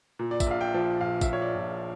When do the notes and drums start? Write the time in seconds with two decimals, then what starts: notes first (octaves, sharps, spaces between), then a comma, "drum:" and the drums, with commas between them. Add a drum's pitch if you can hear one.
0.19 A#2
0.31 D5
0.40 E5, drum: kick, tambourine
0.46 A#1 F5
0.61 G5
0.74 F3
1.01 A#1 F5
1.21 E5, drum: kick, tambourine
1.27 A#2
1.33 C#5
1.42 D5
1.55 A#1